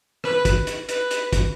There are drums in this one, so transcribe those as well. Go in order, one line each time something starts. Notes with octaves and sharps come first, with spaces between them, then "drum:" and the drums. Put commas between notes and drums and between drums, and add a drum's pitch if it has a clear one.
B4, drum: rim click
drum: kick, hi-hat
drum: hi-hat
B4, drum: hi-hat
drum: hi-hat
drum: kick, hi-hat